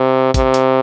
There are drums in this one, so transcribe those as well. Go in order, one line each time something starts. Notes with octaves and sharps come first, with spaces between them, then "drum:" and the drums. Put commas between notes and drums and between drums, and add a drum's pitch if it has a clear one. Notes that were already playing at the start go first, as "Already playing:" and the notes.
Already playing: C3
C3, drum: kick A1, hi-hat
drum: hi-hat